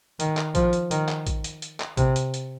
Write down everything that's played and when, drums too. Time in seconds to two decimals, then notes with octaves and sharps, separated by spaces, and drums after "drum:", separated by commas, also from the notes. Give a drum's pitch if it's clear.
0.20 D#3, drum: hi-hat
0.37 drum: clap
0.55 F3, drum: kick A#1, hi-hat
0.73 drum: hi-hat
0.91 D#3, drum: hi-hat
1.09 drum: clap
1.27 drum: kick A#1, hi-hat
1.44 drum: hi-hat
1.62 drum: hi-hat
1.80 drum: clap
1.97 C3, drum: kick A#1, hi-hat
2.16 drum: hi-hat
2.34 drum: hi-hat